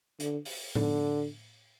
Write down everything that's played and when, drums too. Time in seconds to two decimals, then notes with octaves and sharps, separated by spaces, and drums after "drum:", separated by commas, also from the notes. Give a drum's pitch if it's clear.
0.20 D3, drum: hi-hat
0.45 drum: open hi-hat
0.75 D3, drum: tom A2